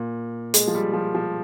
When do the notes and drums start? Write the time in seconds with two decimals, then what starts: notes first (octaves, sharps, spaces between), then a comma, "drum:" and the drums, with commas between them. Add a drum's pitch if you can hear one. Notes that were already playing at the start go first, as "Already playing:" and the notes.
Already playing: A#2
0.54 G#3, drum: hi-hat
0.68 F3
0.75 G3
0.93 F3
1.14 F3